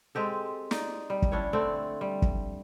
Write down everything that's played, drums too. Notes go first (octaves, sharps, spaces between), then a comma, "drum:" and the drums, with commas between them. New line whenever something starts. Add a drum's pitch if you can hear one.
G#3 C4 G4 A4
D#4 D5, drum: snare
G3
drum: kick
C#4 D4 E4 C#5
D3 A3 C4 D5
G3
drum: kick